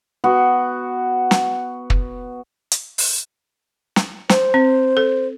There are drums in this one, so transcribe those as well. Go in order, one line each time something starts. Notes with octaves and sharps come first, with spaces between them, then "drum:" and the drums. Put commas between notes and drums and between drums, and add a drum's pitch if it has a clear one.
B3 F#4
drum: snare
drum: kick
drum: hi-hat
drum: open hi-hat
drum: snare
C5, drum: snare
C4
A4